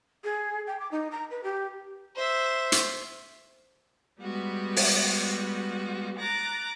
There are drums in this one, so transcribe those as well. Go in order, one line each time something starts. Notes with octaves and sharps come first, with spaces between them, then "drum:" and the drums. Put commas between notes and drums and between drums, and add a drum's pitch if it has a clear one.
G#4
G5
D6
D#4
A#5
B4
G4
C5 E5
drum: hi-hat
G3 G#3 B3 F#4
drum: open hi-hat
A#5 D6 F#6 A6 A#6